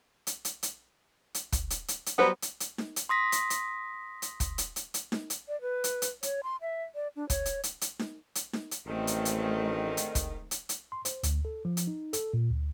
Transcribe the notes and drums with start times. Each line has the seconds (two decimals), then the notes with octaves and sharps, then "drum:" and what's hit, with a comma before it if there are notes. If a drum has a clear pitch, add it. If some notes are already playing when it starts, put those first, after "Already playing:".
0.27 drum: hi-hat
0.45 drum: hi-hat
0.63 drum: hi-hat
1.34 drum: hi-hat
1.52 drum: kick, hi-hat
1.70 drum: hi-hat
1.88 drum: hi-hat
2.06 drum: hi-hat
2.18 F#3 G3 B3 F#4 B4 C5
2.42 drum: hi-hat
2.60 drum: hi-hat
2.78 drum: snare D#4
2.96 drum: hi-hat
3.09 C6 D#6 A#6 B6
3.32 drum: hi-hat
3.50 drum: hi-hat
4.22 drum: hi-hat
4.40 drum: kick, hi-hat
4.58 drum: hi-hat
4.76 drum: hi-hat
4.94 drum: hi-hat
5.12 drum: snare D#4
5.30 drum: hi-hat
5.48 D5
5.61 B4
5.84 drum: hi-hat
6.02 drum: hi-hat
6.23 C#5, drum: hi-hat
6.43 C6
6.62 E5
6.95 D5
7.16 D4
7.30 C#5, drum: kick, hi-hat
7.46 drum: hi-hat
7.63 drum: hi-hat
7.81 drum: hi-hat
7.99 drum: snare D#4
8.35 drum: hi-hat
8.53 drum: snare D#4
8.71 drum: hi-hat
8.86 A1 G#2 D3 D#3 A3 C4
9.07 drum: hi-hat
9.25 drum: hi-hat
9.97 drum: hi-hat
10.15 drum: kick, hi-hat
10.51 drum: hi-hat
10.69 drum: hi-hat
10.92 C6
11.05 C5, drum: hi-hat
11.23 D2, drum: hi-hat
11.45 A4
11.65 F3
11.77 drum: hi-hat
11.87 D#4
12.13 A4, drum: hi-hat
12.34 A#2
12.50 D2